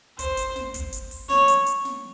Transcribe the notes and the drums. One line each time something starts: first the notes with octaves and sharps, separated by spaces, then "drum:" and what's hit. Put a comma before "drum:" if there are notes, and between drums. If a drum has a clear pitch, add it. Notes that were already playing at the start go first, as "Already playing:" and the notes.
C5, drum: kick, hi-hat
drum: hi-hat
drum: snare
drum: kick, hi-hat
drum: hi-hat
drum: open hi-hat
C#5, drum: snare
drum: hi-hat
drum: hi-hat
drum: snare